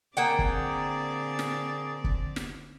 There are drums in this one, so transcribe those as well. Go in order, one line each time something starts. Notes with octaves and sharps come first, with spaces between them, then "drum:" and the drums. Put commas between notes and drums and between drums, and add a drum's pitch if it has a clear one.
D3 A#3 C4 G#4 D5 F#5 G5
drum: kick
drum: snare
drum: kick
drum: snare